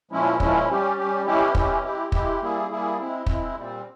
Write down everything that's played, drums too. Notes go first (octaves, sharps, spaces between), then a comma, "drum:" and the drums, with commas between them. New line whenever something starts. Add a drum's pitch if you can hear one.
A#2 F3 G#3 C#4 E4
A#2 F3 G#3 C#4 E4, drum: kick
G3 C#4 G4
G3 C#4 G4
E3 G#3 C#4 E4 G4
E3 G#3 C#4 E4 G4, drum: kick
G#3 E4 G4
G#3 E4 G4, drum: kick
G3 A#3 E4 G#4
G3 A#3 E4 G#4
G#3 C4 E4
G#3 C4 E4, drum: kick
A#2 G3 C4